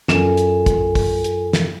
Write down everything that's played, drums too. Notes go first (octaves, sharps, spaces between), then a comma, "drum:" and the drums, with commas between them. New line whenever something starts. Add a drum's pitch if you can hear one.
F#2 F4 A4 G#5 E7, drum: snare
drum: hi-hat
drum: kick, hi-hat
drum: kick, open hi-hat
drum: hi-hat
drum: snare